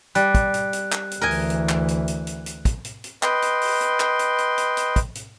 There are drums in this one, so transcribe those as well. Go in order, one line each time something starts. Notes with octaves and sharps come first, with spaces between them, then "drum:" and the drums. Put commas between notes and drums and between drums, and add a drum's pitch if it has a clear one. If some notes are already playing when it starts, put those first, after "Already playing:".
G3 F#6, drum: hi-hat
drum: kick, hi-hat
drum: hi-hat
drum: hi-hat
drum: clap
drum: hi-hat
D2 E3 A#4 D#5 G#5
drum: open hi-hat
drum: hi-hat
drum: clap
drum: hi-hat
drum: hi-hat
drum: hi-hat
drum: hi-hat
drum: kick, hi-hat
drum: hi-hat
drum: hi-hat
B4 D#5 G5 C6, drum: clap
drum: hi-hat
drum: open hi-hat
drum: hi-hat
drum: clap
drum: hi-hat
drum: hi-hat
drum: hi-hat
drum: hi-hat
drum: kick, hi-hat
drum: hi-hat